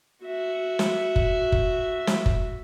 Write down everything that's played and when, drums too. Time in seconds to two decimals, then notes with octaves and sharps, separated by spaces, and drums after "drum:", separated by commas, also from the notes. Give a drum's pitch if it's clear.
0.24 F#4 E5
0.79 drum: snare
1.16 drum: kick F#1
1.52 drum: kick F#1
2.07 drum: snare
2.26 drum: kick F#1